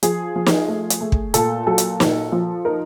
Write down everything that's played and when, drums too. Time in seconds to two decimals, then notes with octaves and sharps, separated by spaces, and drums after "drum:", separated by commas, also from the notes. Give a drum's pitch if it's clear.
0.03 F3 G#4, drum: hi-hat
0.36 F3
0.46 drum: snare
0.68 A3
0.90 drum: hi-hat
1.01 A3
1.12 drum: kick
1.34 A#2 A4, drum: hi-hat
1.67 F#3 A4
1.78 drum: hi-hat
2.00 A#2, drum: snare
2.32 F3
2.65 D#4 A#4